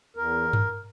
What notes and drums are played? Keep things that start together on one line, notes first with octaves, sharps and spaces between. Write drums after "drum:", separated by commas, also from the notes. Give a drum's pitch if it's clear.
E2 A#4
drum: tom G2